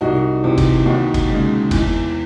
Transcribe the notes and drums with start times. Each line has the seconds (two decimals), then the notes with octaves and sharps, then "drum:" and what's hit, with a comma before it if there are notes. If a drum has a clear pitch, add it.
0.01 C2 D#4 F#4
0.43 C3 E3
0.58 drum: kick F#1, cymbal
0.85 D#2 D#4 F#4
1.14 drum: kick F#1, cymbal
1.29 C#3 G#3
1.71 E2, drum: kick F#1, cymbal